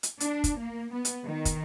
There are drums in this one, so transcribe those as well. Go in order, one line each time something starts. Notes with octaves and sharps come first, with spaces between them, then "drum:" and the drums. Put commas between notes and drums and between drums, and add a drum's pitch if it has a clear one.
drum: hi-hat
D4, drum: hi-hat
drum: kick, hi-hat
A#3
B3
drum: hi-hat
D#3
drum: kick, hi-hat